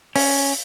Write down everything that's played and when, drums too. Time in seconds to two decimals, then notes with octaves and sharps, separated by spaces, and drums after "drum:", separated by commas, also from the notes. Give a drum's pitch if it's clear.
0.16 C#4, drum: open hi-hat